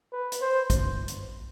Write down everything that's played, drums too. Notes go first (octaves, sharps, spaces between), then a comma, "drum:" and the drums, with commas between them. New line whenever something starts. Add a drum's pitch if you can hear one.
B4
drum: hi-hat
C5
drum: kick, hi-hat
drum: hi-hat